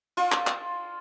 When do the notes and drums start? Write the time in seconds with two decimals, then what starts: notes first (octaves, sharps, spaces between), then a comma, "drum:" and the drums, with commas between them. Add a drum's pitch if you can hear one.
0.17 F4, drum: cymbal
0.32 drum: clap
0.47 drum: clap